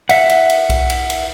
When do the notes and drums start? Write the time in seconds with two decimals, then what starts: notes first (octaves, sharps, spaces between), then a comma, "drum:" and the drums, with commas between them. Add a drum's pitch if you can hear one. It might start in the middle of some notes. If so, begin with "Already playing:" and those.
0.09 E5 F#5, drum: cymbal
0.29 drum: cymbal
0.50 drum: cymbal
0.70 drum: kick B1, cymbal
0.90 drum: cymbal
1.10 drum: cymbal